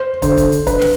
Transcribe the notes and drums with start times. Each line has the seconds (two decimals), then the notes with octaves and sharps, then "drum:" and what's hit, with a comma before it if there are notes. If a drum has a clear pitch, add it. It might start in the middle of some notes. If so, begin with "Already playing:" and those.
Already playing: C5
0.22 D3 C5, drum: kick, hi-hat
0.37 drum: kick, hi-hat
0.52 drum: hi-hat
0.67 B4, drum: kick, hi-hat
0.81 drum: snare